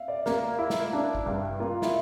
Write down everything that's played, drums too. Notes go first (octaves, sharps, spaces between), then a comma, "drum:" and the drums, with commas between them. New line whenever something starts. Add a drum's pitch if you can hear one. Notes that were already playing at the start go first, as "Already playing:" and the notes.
Already playing: E5 F5
D5
A#3, drum: snare
E4
drum: snare
D4
drum: kick
G2
A#3 F4
E4, drum: snare